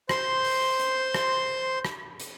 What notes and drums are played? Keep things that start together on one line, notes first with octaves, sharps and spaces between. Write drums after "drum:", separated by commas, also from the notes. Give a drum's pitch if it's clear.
C5 C6 G6, drum: rim click
drum: open hi-hat
drum: hi-hat
drum: rim click
drum: rim click
drum: hi-hat